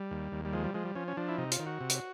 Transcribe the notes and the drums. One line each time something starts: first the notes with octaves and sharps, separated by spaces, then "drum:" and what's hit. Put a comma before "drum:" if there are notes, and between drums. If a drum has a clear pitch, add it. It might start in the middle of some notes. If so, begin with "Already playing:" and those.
Already playing: G3
D#2
D#2
G3
F3 G#3
G3
F3 G#3
G3
F3 C#4
C#4
F3 D4
E4
C3 D#4
F4, drum: hi-hat
D#3
F#4
C3
drum: hi-hat